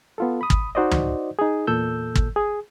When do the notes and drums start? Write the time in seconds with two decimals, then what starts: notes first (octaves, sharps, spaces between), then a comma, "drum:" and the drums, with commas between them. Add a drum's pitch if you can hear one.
0.18 B3 F4 A4
0.41 B5 D#6
0.50 drum: kick
0.75 D#4 F#4 C5 D5 D#5
0.91 drum: tom
1.39 D#4 G#4
1.67 E2 A#2 A4 E6 G6
2.15 drum: kick
2.36 G#4